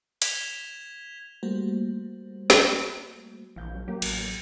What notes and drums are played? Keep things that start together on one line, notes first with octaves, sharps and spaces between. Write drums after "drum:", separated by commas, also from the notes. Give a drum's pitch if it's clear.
G#6 B6 E7 F7 G7, drum: hi-hat
G3 A3 A#3 F#4 C5
drum: snare
A#1 E3 F5 G6
F#3 C#4
F#3 A#3 G4
A1, drum: cymbal